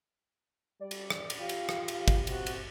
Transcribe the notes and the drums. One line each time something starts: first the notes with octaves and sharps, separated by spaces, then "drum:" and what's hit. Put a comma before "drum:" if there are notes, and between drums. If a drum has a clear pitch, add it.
G3 D5
drum: cymbal
drum: rim click
drum: cymbal
F4 G4 F5
drum: cymbal
drum: rim click
drum: cymbal
drum: kick, cymbal
C3 F#4, drum: cymbal
drum: cymbal